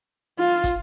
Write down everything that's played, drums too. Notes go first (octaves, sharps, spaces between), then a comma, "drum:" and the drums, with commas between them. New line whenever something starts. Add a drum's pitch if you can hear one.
F4
drum: kick, hi-hat